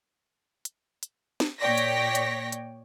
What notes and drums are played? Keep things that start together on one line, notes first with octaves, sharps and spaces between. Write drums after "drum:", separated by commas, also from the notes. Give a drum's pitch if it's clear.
drum: hi-hat
drum: hi-hat
drum: snare
A#2 C#5 D5 G5 A#6 B6
drum: hi-hat
drum: hi-hat
drum: hi-hat